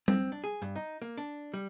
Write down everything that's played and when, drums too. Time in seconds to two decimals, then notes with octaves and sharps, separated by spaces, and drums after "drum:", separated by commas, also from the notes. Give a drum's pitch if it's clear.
0.08 C4, drum: tom G3
0.32 D4
0.44 G#4
0.62 G2
0.76 D#4
1.02 A#3
1.17 D4
1.54 G3